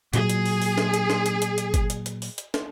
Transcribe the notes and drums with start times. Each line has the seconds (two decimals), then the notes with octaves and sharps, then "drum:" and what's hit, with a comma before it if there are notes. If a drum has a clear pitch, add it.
0.13 A#2 F#3 G#4, drum: hi-hat
0.30 drum: hi-hat
0.46 drum: open hi-hat
0.62 drum: open hi-hat
0.78 drum: snare
0.94 drum: hi-hat
1.10 drum: snare
1.26 drum: hi-hat
1.42 drum: hi-hat
1.58 drum: hi-hat
1.74 drum: kick G1, hi-hat
1.90 drum: hi-hat
2.06 drum: hi-hat
2.22 drum: open hi-hat
2.38 drum: hi-hat
2.54 drum: snare